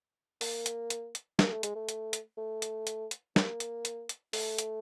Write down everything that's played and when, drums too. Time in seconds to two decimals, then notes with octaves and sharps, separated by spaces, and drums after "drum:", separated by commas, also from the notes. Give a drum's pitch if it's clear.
0.41 A#3, drum: open hi-hat
0.66 drum: hi-hat
0.90 drum: hi-hat
1.15 drum: hi-hat
1.39 A#3, drum: snare
1.52 A3
1.63 G#3, drum: hi-hat
1.76 A3
1.89 drum: hi-hat
2.13 drum: hi-hat
2.38 A3
2.62 drum: hi-hat
2.87 drum: hi-hat
3.11 drum: hi-hat
3.36 A#3, drum: snare
3.60 drum: hi-hat
3.85 drum: hi-hat
4.09 drum: hi-hat
4.33 A3, drum: open hi-hat
4.58 drum: hi-hat